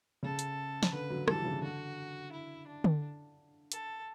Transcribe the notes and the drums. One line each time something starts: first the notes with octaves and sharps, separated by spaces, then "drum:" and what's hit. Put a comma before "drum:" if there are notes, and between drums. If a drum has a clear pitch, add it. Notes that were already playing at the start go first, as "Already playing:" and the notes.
C#3 A4
drum: hi-hat
drum: snare
D3 B4
D3 F#3
E3 G3 A4, drum: rim click
C#3 E3
D3 F#4
E4
D4
drum: tom D3
A4, drum: hi-hat